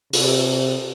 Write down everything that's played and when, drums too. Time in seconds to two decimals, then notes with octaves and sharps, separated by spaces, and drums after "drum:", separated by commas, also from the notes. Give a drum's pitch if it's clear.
0.13 C3, drum: open hi-hat